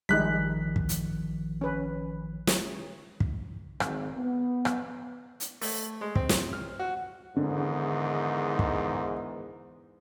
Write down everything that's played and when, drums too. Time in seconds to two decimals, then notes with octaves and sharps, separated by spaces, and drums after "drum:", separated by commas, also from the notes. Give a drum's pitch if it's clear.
0.09 A1 D#3 F3 G3 G#3 D#4 F#6 B6
0.76 drum: kick
0.89 drum: hi-hat
1.61 C#4 B4
2.47 drum: snare
3.20 drum: kick
3.80 G#1, drum: rim click
4.16 B3
4.65 drum: rim click
5.40 drum: hi-hat
5.61 A3, drum: open hi-hat
6.01 G#3
6.15 C4, drum: kick
6.29 drum: snare
6.53 F6
6.79 F#4
7.36 E2 G#2 D3 D#3
8.59 drum: kick